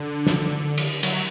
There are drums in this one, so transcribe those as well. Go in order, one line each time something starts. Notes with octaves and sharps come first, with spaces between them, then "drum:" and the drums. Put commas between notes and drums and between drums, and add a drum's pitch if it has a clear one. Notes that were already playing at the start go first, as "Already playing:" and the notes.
Already playing: D3
drum: snare
drum: cymbal
F#3, drum: cymbal